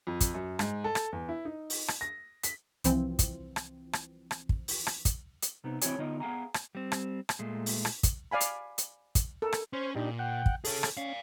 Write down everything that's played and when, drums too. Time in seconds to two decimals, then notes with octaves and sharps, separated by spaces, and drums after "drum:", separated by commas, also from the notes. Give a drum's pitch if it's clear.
0.07 F2
0.21 drum: kick, hi-hat
0.34 F#2
0.59 G#2, drum: rim click
0.84 A4
0.95 drum: rim click
1.12 E2
1.29 E4
1.45 D#4
1.70 drum: open hi-hat
1.88 drum: rim click
2.01 A#6
2.43 B6, drum: hi-hat
2.84 C2 E3 F3 C4, drum: hi-hat
3.19 drum: kick, hi-hat
3.56 drum: rim click
3.93 drum: rim click
4.31 drum: rim click
4.49 drum: kick
4.68 drum: open hi-hat
4.87 drum: rim click
5.05 drum: kick, hi-hat
5.42 drum: hi-hat
5.64 C3 B3 D#4
5.82 E3 C4 E4 F#4 C#5 G#5, drum: hi-hat
5.98 D3 B3 D#4 F4 D#5
6.20 B3 G#4 F5 F#5 G#5 A#5
6.54 drum: rim click
6.75 G3 C4
6.92 drum: rim click
7.29 drum: rim click
7.39 A#2 G#3 A3
7.66 drum: open hi-hat
7.85 drum: rim click
8.03 drum: kick, hi-hat
8.31 D5 F5 G#5 B5
8.41 drum: hi-hat
8.78 drum: hi-hat
9.15 drum: kick, hi-hat
9.42 A4 A#4
9.53 drum: rim click
9.73 C#4 C5
9.96 A#2 D4 D#4 G4
10.19 F#5 G5
10.46 drum: kick
10.65 G#4 A4 C#5, drum: open hi-hat
10.83 drum: rim click
10.97 C#4 D5 F5